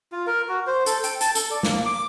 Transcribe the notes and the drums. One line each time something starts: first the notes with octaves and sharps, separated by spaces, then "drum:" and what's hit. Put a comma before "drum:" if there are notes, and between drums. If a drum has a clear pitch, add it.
F4
A#4
F#4
C5
A4, drum: hi-hat
G5, drum: hi-hat
A5, drum: hi-hat
A4, drum: hi-hat
D5
A#3, drum: snare
D6